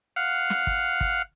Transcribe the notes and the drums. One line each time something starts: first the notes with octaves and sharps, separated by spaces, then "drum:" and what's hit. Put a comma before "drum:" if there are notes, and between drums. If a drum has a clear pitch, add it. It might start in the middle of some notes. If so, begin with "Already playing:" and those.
F5 F#5
drum: snare
drum: kick
drum: kick